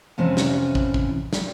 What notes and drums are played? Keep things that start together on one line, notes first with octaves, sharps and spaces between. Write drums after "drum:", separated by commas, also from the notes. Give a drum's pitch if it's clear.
F2 C3 E3 C4 C#4
drum: snare
drum: kick
drum: kick
drum: snare